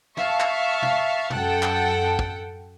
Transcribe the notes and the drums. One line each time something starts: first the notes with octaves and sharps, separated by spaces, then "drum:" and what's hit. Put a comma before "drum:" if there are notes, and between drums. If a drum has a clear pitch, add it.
E5 F5 A5 C#6, drum: snare
drum: clap
drum: tom
F#2 A4 F#5 G5 A5, drum: tom
drum: clap
drum: kick